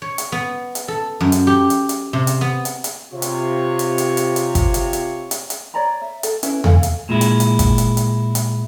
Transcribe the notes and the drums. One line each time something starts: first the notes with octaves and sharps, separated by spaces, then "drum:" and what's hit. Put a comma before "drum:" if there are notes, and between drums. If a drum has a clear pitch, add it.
C#5
drum: hi-hat
B3
drum: hi-hat
A4
F#2
drum: hi-hat
G4
drum: hi-hat
drum: hi-hat
C3
drum: hi-hat
B3
drum: hi-hat
drum: hi-hat
C3 F4 C#5
drum: hi-hat
drum: hi-hat
drum: hi-hat
drum: hi-hat
drum: hi-hat
drum: kick, hi-hat
drum: hi-hat
drum: hi-hat
drum: hi-hat
drum: hi-hat
C#5 D5 A#5 B5
E5
A4, drum: hi-hat
C#4 E4 B4, drum: hi-hat
A4 F5 G#5, drum: tom E2
drum: hi-hat
A#2 G#3 E4
drum: hi-hat
drum: hi-hat
drum: kick, hi-hat
drum: hi-hat
drum: hi-hat
drum: hi-hat